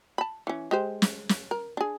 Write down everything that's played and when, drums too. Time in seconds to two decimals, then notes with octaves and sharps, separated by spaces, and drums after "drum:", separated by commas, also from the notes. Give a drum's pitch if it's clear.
0.18 A5 B5
0.47 E3 C#4
0.71 G#3 G4 C5
1.02 drum: snare
1.29 drum: snare
1.51 A#4
1.77 D4 G#4